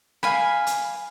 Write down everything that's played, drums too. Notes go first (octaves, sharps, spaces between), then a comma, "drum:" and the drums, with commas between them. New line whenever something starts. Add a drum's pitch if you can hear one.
F5 G#5 B5, drum: rim click
drum: hi-hat